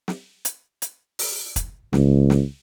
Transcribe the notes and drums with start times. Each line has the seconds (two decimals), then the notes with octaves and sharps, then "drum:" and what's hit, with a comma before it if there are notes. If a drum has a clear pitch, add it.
0.08 drum: snare
0.45 drum: hi-hat
0.82 drum: hi-hat
1.19 drum: open hi-hat
1.56 drum: kick, hi-hat
1.93 C#2, drum: snare
2.30 drum: snare